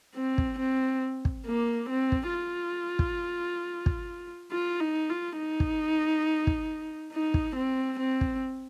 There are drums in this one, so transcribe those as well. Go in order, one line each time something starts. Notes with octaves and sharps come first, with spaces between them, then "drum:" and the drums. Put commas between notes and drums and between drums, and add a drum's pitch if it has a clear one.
C4
drum: kick
C4
drum: kick
A#3
C4
drum: kick
F4
drum: kick
drum: kick
F4
D#4
F4
D#4
drum: kick
drum: kick
D#4
drum: kick
C4
C4
drum: kick